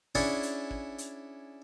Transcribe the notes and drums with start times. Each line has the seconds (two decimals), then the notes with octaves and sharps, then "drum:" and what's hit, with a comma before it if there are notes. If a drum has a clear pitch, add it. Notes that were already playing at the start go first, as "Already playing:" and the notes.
0.15 C#4 D4 E4 G#4 F#5 A5, drum: kick
0.43 drum: hi-hat
0.71 drum: kick
0.98 drum: hi-hat